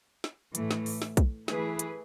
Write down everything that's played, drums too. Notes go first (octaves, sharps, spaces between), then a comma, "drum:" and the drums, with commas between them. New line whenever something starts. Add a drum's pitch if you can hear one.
drum: snare
A2 E3 A3, drum: hi-hat
drum: snare
drum: open hi-hat
drum: snare
drum: kick, hi-hat
E3 A3 E4 G#4 B4, drum: snare
drum: hi-hat